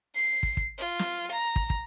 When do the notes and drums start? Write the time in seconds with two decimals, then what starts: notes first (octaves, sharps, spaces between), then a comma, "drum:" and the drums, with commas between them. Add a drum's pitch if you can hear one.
0.15 C7
0.43 drum: kick
0.57 drum: kick
0.78 F4
0.99 drum: snare
1.32 A#5
1.56 drum: kick
1.70 drum: kick